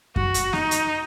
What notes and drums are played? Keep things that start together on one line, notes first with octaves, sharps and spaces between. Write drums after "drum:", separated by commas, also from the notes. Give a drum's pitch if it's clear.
F#4, drum: kick F#2
drum: hi-hat
D#4, drum: snare
drum: hi-hat